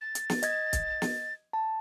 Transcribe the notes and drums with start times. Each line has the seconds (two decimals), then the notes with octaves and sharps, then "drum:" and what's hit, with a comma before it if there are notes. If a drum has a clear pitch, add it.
0.01 A6
0.15 drum: hi-hat
0.30 drum: snare
0.43 D#5 G#6, drum: hi-hat
0.73 drum: kick, hi-hat
1.02 drum: snare
1.53 A5